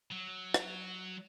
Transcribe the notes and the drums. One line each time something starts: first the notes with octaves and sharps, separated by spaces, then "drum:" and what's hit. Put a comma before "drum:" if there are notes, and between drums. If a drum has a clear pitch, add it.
F#3
drum: rim click